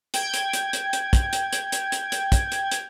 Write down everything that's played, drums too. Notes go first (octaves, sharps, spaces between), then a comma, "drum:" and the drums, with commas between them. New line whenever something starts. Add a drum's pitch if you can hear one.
G5 G#6, drum: hi-hat
drum: hi-hat
drum: hi-hat
drum: hi-hat
drum: hi-hat
drum: kick, hi-hat
drum: hi-hat
drum: hi-hat
drum: hi-hat
drum: hi-hat
drum: hi-hat
drum: kick, hi-hat
drum: hi-hat
drum: hi-hat